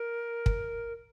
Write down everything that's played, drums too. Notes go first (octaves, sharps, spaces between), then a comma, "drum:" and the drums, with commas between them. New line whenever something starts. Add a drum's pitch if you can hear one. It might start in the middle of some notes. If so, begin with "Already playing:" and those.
Already playing: A#4
drum: kick